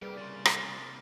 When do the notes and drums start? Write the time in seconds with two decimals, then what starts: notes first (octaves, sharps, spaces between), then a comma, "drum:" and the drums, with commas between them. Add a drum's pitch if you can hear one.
0.02 C2 G3 A#3 G4 G#4 B4
0.17 C#3 C6 A6
0.45 drum: rim click